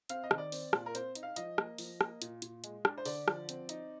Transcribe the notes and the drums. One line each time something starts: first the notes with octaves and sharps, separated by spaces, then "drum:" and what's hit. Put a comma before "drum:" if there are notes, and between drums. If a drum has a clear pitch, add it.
C4 F5, drum: hi-hat
D#5
D#3, drum: rim click
D5
C4, drum: open hi-hat
A#2, drum: rim click
A#4
C4 C5, drum: hi-hat
D#4, drum: hi-hat
F5
F3 D#5, drum: hi-hat
A#3, drum: rim click
F3, drum: open hi-hat
A#3, drum: rim click
A#2, drum: hi-hat
A#2, drum: hi-hat
G#3, drum: hi-hat
D4, drum: rim click
C5
D3 D5, drum: open hi-hat
F3, drum: rim click
C4, drum: hi-hat
D#4, drum: hi-hat